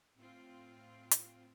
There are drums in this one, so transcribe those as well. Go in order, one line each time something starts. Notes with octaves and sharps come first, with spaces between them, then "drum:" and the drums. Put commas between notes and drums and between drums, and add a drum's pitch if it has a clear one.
A2 C4 F4
drum: hi-hat